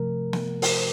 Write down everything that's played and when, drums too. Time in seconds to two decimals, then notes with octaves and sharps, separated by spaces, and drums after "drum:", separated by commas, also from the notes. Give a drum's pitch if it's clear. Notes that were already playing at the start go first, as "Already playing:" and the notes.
Already playing: C3 F3 A3 A#4
0.33 drum: snare
0.62 A#4, drum: open hi-hat
0.69 C5